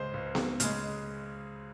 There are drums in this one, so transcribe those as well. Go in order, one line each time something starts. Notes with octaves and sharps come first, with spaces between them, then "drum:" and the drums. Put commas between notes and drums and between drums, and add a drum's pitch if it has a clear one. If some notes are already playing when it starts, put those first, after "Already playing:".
Already playing: C#2 C#3 G#3 C5
C#2
drum: snare B3
C#3 G#3, drum: hi-hat